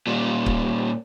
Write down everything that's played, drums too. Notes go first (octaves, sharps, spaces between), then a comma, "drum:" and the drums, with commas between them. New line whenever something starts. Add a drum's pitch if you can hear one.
A#2 G3
drum: kick C#1